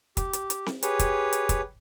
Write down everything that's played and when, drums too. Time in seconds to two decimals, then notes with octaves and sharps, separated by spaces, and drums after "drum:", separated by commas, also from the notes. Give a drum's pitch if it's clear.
0.17 G4, drum: kick, hi-hat
0.33 drum: hi-hat
0.50 drum: hi-hat
0.66 drum: snare C4
0.83 G4 G#4 B4 C#5, drum: hi-hat
0.99 drum: kick, hi-hat
1.33 drum: hi-hat
1.49 drum: kick, hi-hat